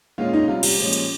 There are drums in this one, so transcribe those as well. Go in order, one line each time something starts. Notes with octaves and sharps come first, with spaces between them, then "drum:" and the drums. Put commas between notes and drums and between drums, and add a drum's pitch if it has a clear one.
A#2 G#3 C#4 F4
D#4
C3 G3 C#4 F4
G4, drum: cymbal
A#2 F3 G#3 C#4
drum: hi-hat